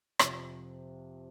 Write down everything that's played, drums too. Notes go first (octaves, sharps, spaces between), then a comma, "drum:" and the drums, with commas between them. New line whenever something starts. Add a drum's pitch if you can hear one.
F2 C3 F3 C4, drum: rim click